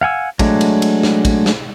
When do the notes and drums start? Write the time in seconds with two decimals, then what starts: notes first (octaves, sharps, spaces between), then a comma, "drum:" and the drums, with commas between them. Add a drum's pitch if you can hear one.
0.01 F5 F#5 G#5 E6
0.39 F#3 G#3 A3 D4, drum: kick, cymbal
0.61 drum: cymbal
0.82 drum: cymbal
1.03 drum: snare
1.25 drum: kick, cymbal
1.46 drum: snare